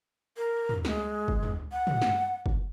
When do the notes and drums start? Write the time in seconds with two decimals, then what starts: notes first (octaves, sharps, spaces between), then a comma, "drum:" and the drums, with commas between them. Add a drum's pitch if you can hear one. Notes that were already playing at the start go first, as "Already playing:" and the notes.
0.37 A#4
0.69 drum: tom
0.85 G#3, drum: snare
1.28 drum: kick
1.43 drum: tom
1.72 F#5
1.87 drum: tom
2.02 drum: snare
2.46 drum: kick